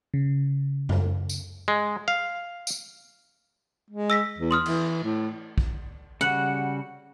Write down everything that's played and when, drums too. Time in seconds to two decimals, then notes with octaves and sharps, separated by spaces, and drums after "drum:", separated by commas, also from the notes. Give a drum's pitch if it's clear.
0.14 C#3
0.89 drum: tom F#2
1.29 drum: tambourine
1.68 G#3
2.08 F5
2.67 drum: tambourine
3.90 G#3
4.10 E6 A#6 B6
4.38 E2
4.51 C6 D#6 F6
4.65 E3, drum: cymbal
5.04 A2
5.58 drum: kick A#1
6.21 C#3 G3 F#4 F#5